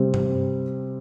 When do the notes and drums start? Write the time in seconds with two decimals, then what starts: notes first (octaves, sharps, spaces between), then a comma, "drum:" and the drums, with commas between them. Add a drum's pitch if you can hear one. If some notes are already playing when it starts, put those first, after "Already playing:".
Already playing: C3 G3 C4
0.14 drum: tom G2